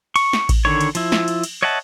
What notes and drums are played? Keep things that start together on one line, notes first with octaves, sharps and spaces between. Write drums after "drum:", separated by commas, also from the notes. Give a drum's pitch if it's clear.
C#6, drum: cymbal
drum: snare
drum: kick A1, cymbal
D3 D#3 C#5
drum: cymbal
F3 E4, drum: cymbal
drum: snare
drum: cymbal
drum: cymbal
C#5 D#5 E5 F#5 A5